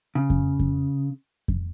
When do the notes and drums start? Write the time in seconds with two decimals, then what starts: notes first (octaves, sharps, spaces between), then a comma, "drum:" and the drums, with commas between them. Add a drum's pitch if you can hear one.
0.15 C#3
0.30 drum: kick F2
0.60 drum: kick F2
1.48 drum: kick F2